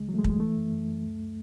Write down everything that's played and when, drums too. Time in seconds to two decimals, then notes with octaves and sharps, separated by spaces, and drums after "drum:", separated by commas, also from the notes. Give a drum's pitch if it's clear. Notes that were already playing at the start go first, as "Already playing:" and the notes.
Already playing: C#2 C#3 G#3
0.08 E3 F#3
0.14 A3
0.18 G#3
0.24 E3, drum: kick
0.30 G#3
0.40 E3 A3
0.56 F#2
0.72 F#2
0.88 F#2
1.04 C#2